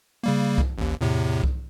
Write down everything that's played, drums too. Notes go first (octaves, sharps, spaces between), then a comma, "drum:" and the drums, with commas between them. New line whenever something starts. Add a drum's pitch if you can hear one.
C#3 G3 A#3
drum: kick C2
A1 D#2
E2 A2 C3
drum: kick C2